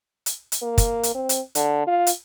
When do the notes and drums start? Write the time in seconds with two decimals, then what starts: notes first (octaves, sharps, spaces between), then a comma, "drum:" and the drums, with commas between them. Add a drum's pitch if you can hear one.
0.26 drum: hi-hat
0.52 drum: hi-hat
0.62 A#3
0.78 drum: kick, hi-hat
1.03 drum: hi-hat
1.15 C4
1.29 drum: hi-hat
1.55 D3, drum: hi-hat
1.87 F4
2.07 drum: hi-hat